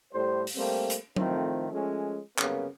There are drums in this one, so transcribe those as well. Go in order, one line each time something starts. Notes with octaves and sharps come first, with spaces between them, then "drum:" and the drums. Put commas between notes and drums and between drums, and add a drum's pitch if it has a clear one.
A2 G3 C5
drum: open hi-hat
G3 A3 A#3 C4
drum: hi-hat
A2 D#3 F3 A3 C4, drum: tom
F3 G#3 A3 C#4
C2 F#2 C#3 A#3 B3 A#4, drum: clap